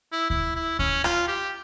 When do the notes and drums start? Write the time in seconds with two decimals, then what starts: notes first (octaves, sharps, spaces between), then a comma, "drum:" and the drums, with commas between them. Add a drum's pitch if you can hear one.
0.13 E4
0.30 E4, drum: kick D2
0.56 E4
0.79 C#4, drum: kick D2
1.04 F4, drum: rim click
1.28 G4